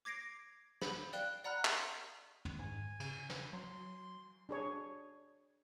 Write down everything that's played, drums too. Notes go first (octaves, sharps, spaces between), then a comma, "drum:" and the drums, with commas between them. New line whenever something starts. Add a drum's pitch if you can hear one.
D6 G#6 A#6 C7 D7
B5 F#7, drum: snare
D5 F5 G5 F#6 D7 G7, drum: hi-hat
D5 F#5 A#5 B5 F6 F#6
C6, drum: clap
drum: tom
G#2 G#5
C#3, drum: cymbal
drum: snare
F#3 C6
D4 G#4 C#5